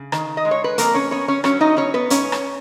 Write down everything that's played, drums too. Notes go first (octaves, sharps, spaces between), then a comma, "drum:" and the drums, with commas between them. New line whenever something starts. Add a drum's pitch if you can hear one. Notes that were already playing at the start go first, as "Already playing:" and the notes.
Already playing: C#3
D#3, drum: rim click
D#5
G#3
C#5
B4
F2 A#3 A#4, drum: hi-hat
C#4 C#5
B3 C#4 C#5
C#4 C#5
F#3 C#4 C#5, drum: rim click
D#4 D#5
B3 C#4 C#5
B3 B4
G#2 C#4 C#5, drum: hi-hat
drum: rim click